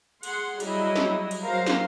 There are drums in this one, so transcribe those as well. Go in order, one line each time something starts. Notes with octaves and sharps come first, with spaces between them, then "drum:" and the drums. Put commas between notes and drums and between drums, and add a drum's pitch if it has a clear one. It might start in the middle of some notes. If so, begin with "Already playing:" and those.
G#4 F#5 C6, drum: cymbal
F#3 G3 E4 G#4 D#5, drum: cymbal
drum: snare
drum: cymbal
F#3 A#4 C5 F5 A#5
drum: snare